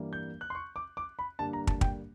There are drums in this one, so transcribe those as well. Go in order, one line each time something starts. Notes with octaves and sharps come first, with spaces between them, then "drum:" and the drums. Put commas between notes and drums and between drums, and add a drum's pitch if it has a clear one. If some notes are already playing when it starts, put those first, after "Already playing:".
Already playing: G2 E3 G3 A#3
G6
F#6
C6
C#6
D6
D6
B5
G2 D3 G3 A#3 A5
A#5
A5, drum: kick
G5, drum: kick